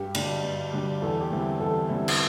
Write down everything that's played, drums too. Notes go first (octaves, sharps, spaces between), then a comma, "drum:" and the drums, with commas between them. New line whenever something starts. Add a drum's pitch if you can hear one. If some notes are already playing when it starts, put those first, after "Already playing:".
Already playing: G2 G4
D3 G3 D4, drum: cymbal
G2
D3 G3 D4
E2 A4
G4
D3 G3 C4 E4
G4
E2 A4
D3 G3 C4 E4
drum: cymbal